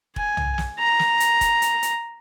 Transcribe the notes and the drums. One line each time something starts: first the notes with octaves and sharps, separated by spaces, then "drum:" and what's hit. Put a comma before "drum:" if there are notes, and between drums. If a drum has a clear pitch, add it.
G#5, drum: kick F1
drum: tom
drum: snare
A#5
drum: snare
drum: hi-hat
drum: kick F1, hi-hat
drum: hi-hat
drum: hi-hat